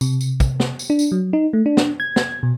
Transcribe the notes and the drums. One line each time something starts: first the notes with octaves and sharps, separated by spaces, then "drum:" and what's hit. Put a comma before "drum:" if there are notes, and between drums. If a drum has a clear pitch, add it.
C3, drum: tambourine
drum: tambourine
drum: kick, tambourine
drum: snare
drum: tambourine
D4
drum: tambourine
F#3
D#4
A3
D4
drum: snare
G#6
drum: snare
B2